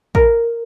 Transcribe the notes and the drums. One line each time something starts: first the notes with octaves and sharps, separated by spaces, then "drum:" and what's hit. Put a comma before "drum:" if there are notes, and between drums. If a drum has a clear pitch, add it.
A#4, drum: kick